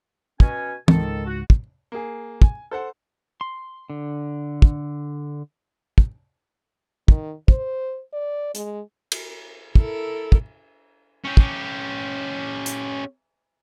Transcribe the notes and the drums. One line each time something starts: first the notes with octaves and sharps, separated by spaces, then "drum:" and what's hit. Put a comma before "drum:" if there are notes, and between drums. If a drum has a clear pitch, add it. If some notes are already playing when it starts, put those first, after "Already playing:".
B2 C#4 G#5, drum: kick
C#2 G#2 D#3 A4, drum: tom
F#4
drum: kick
A#3 G#4
G#5, drum: kick
A4 C5 F#5
C6
D3
drum: kick
drum: kick
D#3, drum: kick
C5, drum: kick
D5
G#3, drum: hi-hat
drum: cymbal
E4 A4 A#4, drum: kick
drum: kick
C#4 G4
drum: kick
drum: hi-hat